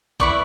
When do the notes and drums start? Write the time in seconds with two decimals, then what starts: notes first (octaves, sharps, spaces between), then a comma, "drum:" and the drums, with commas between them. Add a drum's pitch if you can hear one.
0.20 E4 B4 D5 C#6, drum: kick A1